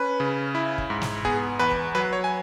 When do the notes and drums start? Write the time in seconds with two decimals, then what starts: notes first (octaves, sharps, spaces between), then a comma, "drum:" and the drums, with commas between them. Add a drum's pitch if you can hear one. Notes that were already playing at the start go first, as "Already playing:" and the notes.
Already playing: C#4 B4
0.20 C#3
0.55 E4
0.78 drum: kick
0.90 G#2
1.01 drum: snare
1.25 B3 G#4, drum: kick
1.59 E2 B4
1.71 drum: kick
1.95 F#3 B4
2.13 C#5
2.24 G#5